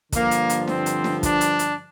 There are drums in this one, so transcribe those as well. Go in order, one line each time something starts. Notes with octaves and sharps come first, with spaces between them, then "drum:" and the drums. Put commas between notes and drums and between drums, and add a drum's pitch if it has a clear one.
G2 D3 F3 A#3, drum: kick, hi-hat
drum: hi-hat
drum: hi-hat
C4, drum: snare
drum: hi-hat
drum: snare
D4, drum: kick, hi-hat
drum: hi-hat
drum: hi-hat